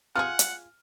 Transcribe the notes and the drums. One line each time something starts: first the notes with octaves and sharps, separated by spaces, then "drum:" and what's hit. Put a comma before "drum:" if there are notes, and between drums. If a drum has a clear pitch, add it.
F4 G4 G#4 F#5 F6
drum: hi-hat